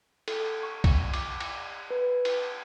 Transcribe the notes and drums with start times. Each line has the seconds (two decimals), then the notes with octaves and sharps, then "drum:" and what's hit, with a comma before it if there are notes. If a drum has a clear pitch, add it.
0.28 A4, drum: cymbal
0.63 C#6
0.84 drum: kick B1, cymbal
1.14 D6, drum: cymbal
1.40 drum: cymbal
1.72 G#6
1.90 B4
2.25 drum: cymbal